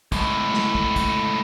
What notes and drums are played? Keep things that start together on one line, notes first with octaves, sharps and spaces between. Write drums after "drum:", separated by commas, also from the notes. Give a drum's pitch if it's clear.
C#2 A2, drum: kick, hi-hat
drum: snare
drum: kick
drum: kick, hi-hat